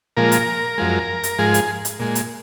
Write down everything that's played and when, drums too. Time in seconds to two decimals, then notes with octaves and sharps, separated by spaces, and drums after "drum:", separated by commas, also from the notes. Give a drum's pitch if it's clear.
0.17 A#2 F3 G#3 A#4
0.32 drum: hi-hat
0.78 F#2 F3 G#3
1.23 drum: hi-hat
1.39 G#2 F3 G#3 G#4
1.54 drum: hi-hat
1.85 drum: hi-hat
1.99 A#2 G#3
2.15 drum: hi-hat